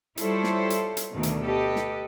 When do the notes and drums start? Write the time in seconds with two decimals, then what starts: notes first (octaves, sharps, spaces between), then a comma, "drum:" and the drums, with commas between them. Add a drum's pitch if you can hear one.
0.17 G3 E4 F4 A4 C5 C#5, drum: hi-hat
0.44 drum: snare
0.70 drum: hi-hat
0.97 drum: hi-hat
1.13 D2 B2 D3 D#3
1.23 drum: hi-hat
1.45 G4 A4 B4 D#5
1.76 drum: snare